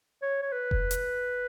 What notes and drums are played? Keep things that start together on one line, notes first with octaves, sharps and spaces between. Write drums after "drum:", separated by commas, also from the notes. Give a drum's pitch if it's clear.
C#5
C#5
B4
drum: kick F1
drum: hi-hat